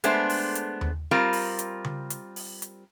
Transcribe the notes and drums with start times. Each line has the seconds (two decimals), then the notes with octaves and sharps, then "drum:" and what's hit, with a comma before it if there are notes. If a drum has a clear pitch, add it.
0.04 G#3 A3 B3 D4 C5, drum: hi-hat
0.30 drum: open hi-hat
0.55 drum: hi-hat
0.81 drum: tom D#2
1.11 G3 C4 F4 A#4
1.33 drum: open hi-hat
1.59 drum: hi-hat
1.84 drum: tom C#3
2.10 drum: hi-hat
2.36 drum: open hi-hat
2.62 drum: hi-hat